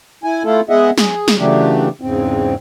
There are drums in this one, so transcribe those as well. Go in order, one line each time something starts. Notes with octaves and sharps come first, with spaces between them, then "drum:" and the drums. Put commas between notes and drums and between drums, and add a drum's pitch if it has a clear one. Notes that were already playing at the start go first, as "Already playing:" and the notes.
E4 G#5
A3 E4 F4 A4
G#3 B3 G#4 D#5 E5 F#5
G#4, drum: snare
drum: snare
C#3 E3 F#3 A3 D4 G4
E2 G#2 C#3 C4